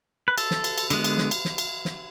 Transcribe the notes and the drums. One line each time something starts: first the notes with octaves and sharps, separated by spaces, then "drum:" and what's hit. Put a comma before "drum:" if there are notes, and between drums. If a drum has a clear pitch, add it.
B4
A4, drum: cymbal
drum: snare
drum: cymbal
drum: cymbal
D3 G#3 B3, drum: cymbal
drum: cymbal
drum: snare
drum: cymbal
drum: snare
drum: cymbal
drum: snare